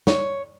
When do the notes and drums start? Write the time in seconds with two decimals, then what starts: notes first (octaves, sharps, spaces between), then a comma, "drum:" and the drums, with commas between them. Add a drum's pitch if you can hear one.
0.07 C#5, drum: snare